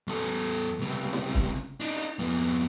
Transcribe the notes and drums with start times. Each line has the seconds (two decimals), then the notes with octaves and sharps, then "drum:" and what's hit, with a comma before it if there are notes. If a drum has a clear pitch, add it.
0.08 E2 A4
0.50 drum: hi-hat
0.79 C#2 C3
1.13 drum: snare
1.34 drum: kick, hi-hat
1.55 drum: hi-hat
1.80 D4 D#4
1.98 drum: open hi-hat
2.19 F2 B3
2.40 drum: hi-hat